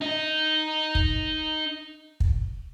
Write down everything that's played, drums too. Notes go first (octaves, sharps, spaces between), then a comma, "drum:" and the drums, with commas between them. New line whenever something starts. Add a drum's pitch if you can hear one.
D#4 D#5
drum: kick
drum: kick